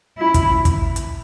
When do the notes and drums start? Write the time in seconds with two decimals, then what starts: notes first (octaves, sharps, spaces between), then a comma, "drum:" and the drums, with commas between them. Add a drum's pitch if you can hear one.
0.18 E4
0.34 drum: kick, hi-hat
0.65 drum: kick, hi-hat
0.96 drum: hi-hat